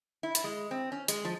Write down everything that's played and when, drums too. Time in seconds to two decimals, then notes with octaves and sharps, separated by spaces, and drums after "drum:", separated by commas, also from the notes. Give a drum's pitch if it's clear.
0.23 E4
0.35 drum: hi-hat
0.44 G#3
0.71 C4
0.92 C#4
1.08 G#3, drum: hi-hat
1.25 F3